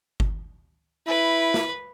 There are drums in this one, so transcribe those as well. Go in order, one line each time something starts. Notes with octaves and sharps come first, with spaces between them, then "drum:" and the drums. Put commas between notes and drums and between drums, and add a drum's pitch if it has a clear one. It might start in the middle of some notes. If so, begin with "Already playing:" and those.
drum: kick G1
E4 B4
drum: snare